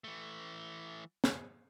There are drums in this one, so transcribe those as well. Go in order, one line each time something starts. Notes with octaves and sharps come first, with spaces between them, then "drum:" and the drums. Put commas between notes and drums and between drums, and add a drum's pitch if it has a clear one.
E3 A3
drum: snare